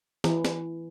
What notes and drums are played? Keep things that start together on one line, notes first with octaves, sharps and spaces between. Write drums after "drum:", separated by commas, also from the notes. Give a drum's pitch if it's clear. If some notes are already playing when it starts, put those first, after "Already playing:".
E3, drum: snare
drum: snare